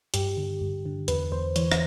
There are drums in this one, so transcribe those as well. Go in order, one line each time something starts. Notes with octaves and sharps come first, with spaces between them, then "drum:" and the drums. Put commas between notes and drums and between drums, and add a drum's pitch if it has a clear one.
G2 G4, drum: hi-hat
D3
G2
D3
E2 B4, drum: hi-hat
E2 C5
E3 C#5, drum: hi-hat
drum: rim click